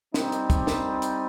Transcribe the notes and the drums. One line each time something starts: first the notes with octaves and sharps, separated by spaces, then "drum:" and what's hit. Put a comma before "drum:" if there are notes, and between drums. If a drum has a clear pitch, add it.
G3 C4 D#4, drum: snare
drum: hi-hat
drum: kick, hi-hat
drum: snare
drum: hi-hat